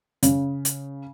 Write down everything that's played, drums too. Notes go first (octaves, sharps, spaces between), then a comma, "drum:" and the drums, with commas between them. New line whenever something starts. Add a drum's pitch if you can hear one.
C#3, drum: hi-hat
drum: hi-hat